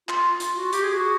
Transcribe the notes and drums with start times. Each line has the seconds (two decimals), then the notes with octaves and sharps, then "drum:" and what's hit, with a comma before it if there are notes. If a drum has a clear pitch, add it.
0.09 F4, drum: clap
0.40 F4, drum: hi-hat
0.57 F#4
0.73 G4, drum: hi-hat
0.83 G#4
0.93 F#4